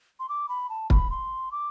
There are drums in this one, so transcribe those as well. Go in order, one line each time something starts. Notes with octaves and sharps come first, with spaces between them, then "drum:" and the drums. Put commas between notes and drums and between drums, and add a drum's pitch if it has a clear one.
C6
D6
B5
A5
B5, drum: kick
C6
D6